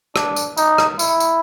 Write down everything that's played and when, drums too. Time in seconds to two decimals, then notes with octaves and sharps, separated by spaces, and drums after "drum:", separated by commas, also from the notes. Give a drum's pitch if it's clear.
0.16 D4, drum: rim click
0.36 drum: tambourine
0.57 D#4, drum: tambourine
0.78 drum: rim click
0.99 E4, drum: tambourine
1.20 drum: tambourine